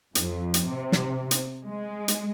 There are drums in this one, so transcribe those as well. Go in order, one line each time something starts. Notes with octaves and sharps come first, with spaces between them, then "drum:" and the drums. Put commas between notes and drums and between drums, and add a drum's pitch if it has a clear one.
F2, drum: hi-hat
drum: hi-hat
C3
drum: snare
drum: hi-hat
G#3
drum: hi-hat